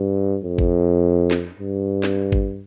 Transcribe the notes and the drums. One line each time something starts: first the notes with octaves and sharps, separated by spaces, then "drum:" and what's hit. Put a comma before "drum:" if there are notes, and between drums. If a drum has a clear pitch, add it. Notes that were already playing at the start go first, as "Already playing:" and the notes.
Already playing: G2
F2
drum: kick
drum: snare
G2
drum: snare
drum: kick